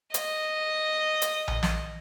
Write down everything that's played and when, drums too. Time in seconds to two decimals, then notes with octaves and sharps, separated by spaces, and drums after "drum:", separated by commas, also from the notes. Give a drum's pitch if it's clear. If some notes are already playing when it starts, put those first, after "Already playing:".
0.14 D#5, drum: hi-hat
1.22 drum: hi-hat
1.48 drum: tom A#1
1.63 drum: snare